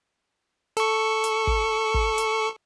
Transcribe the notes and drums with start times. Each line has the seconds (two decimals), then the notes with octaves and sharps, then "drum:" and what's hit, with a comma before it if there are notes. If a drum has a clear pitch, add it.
0.77 A4 C#6, drum: hi-hat
1.24 drum: hi-hat
1.47 drum: kick
1.94 drum: kick
2.18 drum: hi-hat